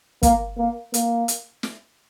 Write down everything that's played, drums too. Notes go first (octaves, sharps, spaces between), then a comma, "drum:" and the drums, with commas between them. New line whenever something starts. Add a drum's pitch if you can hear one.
A#3, drum: kick, hi-hat
A#3
A#3, drum: hi-hat
drum: hi-hat
drum: snare